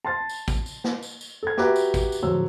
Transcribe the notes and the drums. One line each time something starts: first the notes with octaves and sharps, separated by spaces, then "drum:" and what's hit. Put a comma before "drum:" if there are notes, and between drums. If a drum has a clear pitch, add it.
A5 C6 A6
drum: tambourine
drum: kick, tambourine
drum: tambourine
drum: snare
drum: tambourine
drum: tambourine
A4 G#6
F#4 G4 B4 E5 A#5 D6, drum: snare
drum: tambourine
drum: kick, tambourine
drum: tambourine
D1 F3 F#3 C#5 E6